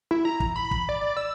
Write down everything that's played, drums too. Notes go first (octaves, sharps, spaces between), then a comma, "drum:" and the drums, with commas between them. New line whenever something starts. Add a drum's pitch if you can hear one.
E4
A#5
drum: kick
B5
drum: kick
D5
D5
E6